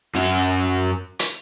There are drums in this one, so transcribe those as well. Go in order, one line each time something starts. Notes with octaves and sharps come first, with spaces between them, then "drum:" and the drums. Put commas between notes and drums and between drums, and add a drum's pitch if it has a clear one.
F#2 C#4
drum: hi-hat